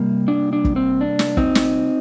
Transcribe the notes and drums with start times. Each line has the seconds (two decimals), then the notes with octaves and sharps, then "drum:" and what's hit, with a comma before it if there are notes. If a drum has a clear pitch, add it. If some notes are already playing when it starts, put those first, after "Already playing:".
Already playing: C3 G3 A#3
0.28 D4
0.53 D4
0.65 drum: kick
0.76 C4
1.01 D4
1.19 drum: snare
1.37 C4 D#4, drum: kick
1.55 drum: snare